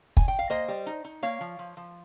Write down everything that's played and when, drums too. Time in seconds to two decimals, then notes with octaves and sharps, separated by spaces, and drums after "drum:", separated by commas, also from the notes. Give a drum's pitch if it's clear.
0.17 G#5, drum: kick
0.28 G5
0.39 F5
0.50 A#3 C5 D#5
0.68 G3
0.86 D#4
1.05 D#4
1.23 A#3 C#5 F5
1.41 F3
1.59 F3
1.77 F3